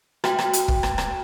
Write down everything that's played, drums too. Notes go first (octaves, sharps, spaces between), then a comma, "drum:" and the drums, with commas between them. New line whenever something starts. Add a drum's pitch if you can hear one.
F#4 G5, drum: rim click
drum: rim click
drum: hi-hat
drum: kick
drum: rim click
drum: rim click